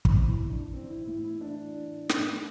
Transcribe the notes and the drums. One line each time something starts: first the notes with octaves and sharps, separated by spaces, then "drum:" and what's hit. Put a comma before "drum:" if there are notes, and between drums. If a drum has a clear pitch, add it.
E3 C4, drum: kick
E4
E3
D4
E3 C4
E4
A2 E4
E4
E3 D4
E3
A2, drum: snare